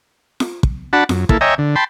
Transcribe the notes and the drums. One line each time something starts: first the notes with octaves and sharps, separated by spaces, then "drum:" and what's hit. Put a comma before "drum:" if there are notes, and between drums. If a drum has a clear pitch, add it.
drum: snare F4
drum: kick
D4 F#4 F#5 A5 B5
F#2, drum: snare F4
A#3 E4 A4, drum: kick
C#5 D#5 E5 G5 G#5 A#5
D3
G5 A5 B5 C6